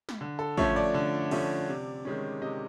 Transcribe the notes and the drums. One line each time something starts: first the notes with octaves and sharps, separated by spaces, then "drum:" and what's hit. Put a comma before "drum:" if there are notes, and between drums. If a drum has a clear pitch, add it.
drum: snare
D3
A4
F3 A3 C#4 C#5, drum: kick
D5
D3
F3 A3 C#4, drum: cymbal
C3
D#3 G#3 C#4
C3 D#5